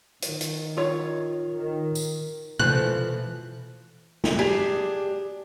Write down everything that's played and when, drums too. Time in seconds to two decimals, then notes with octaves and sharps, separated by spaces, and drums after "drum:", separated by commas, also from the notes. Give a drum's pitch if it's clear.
0.22 D#3, drum: hi-hat
0.41 drum: hi-hat
0.77 F4 C#5
1.53 D#3
1.95 drum: tambourine
2.59 B2 E3 F3 A4 F#6, drum: tom C3
4.24 drum: snare
4.39 D4 G4 G#4